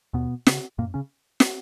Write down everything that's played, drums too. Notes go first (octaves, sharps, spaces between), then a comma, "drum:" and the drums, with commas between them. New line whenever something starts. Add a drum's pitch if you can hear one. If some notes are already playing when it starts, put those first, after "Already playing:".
D#2 B2 B3
C#3, drum: snare
F#2 A#2 A#3
C#3 C#4
drum: snare